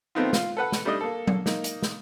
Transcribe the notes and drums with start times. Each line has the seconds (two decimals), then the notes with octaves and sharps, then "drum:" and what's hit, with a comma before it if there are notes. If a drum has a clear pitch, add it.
0.15 D#3 A3 B3 C4 D#4 F4
0.33 F4, drum: snare
0.57 A4 B4 F#5
0.72 drum: snare
0.85 G3 A3 D4 D#4 D#5
1.01 A#3 A4
1.27 drum: tom F#3
1.46 A#3 D#4, drum: snare
1.64 drum: hi-hat
1.82 drum: snare